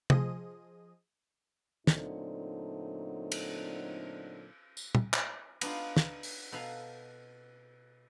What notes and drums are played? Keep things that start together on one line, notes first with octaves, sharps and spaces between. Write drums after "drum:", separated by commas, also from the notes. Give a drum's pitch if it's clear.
F3 G#4 D#5 D#7, drum: tom
A#2 D3 F#3 A3 C4 D#4, drum: snare
drum: cymbal
drum: tambourine
drum: tom
drum: clap
B3 D4 D#4 F4, drum: cymbal
drum: snare
drum: open hi-hat
B2 A4 B4 F5 G#5 A#5